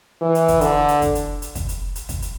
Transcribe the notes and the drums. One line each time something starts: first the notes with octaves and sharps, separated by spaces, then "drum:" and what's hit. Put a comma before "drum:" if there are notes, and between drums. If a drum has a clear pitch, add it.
E3
drum: hi-hat
drum: kick, hi-hat
D3, drum: hi-hat
drum: hi-hat
drum: kick, hi-hat
drum: hi-hat
drum: hi-hat
drum: kick, hi-hat
drum: hi-hat
drum: hi-hat
drum: kick, hi-hat
drum: hi-hat